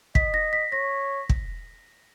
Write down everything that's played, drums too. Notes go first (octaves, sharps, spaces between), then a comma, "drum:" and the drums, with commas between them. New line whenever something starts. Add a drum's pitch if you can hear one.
D#5 B6, drum: kick
A#6
B6
C#5 A#6
drum: kick